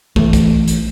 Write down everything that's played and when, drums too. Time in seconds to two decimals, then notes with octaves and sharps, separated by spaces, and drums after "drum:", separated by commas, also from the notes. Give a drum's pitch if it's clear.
0.16 E3 A3, drum: kick
0.33 drum: kick, hi-hat
0.68 drum: hi-hat